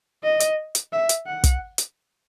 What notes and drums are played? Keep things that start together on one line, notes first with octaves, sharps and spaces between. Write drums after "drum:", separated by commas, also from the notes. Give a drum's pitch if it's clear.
D#5
drum: hi-hat
drum: hi-hat
E5
drum: hi-hat
F#5
drum: kick, hi-hat
drum: hi-hat